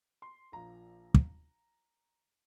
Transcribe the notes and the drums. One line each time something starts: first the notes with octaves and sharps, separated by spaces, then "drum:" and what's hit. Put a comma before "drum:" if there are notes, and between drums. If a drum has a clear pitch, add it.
C6
A#1 A#2 F3 A#5
drum: kick